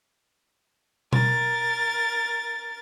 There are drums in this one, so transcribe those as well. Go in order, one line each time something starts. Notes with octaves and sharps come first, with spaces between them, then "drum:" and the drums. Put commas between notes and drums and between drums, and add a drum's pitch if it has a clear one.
A#4 A6, drum: tom B2